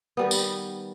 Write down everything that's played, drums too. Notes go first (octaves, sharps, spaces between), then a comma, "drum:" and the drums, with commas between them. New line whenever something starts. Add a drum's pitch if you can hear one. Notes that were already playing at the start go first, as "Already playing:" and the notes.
D#3 G3 B3
drum: tambourine